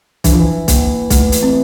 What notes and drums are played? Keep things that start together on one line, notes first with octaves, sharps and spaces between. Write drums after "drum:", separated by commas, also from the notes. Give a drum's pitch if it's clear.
E3 D4, drum: kick B1, hi-hat
F3
E3
A#3, drum: kick B1, hi-hat
A3, drum: kick B1, hi-hat
drum: hi-hat
C4